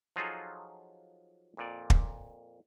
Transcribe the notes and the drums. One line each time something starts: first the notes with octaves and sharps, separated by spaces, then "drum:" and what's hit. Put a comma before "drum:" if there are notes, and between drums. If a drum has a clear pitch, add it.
F3 F#3 D#4 F4 G#4 A4
F2 A#2 D5
drum: kick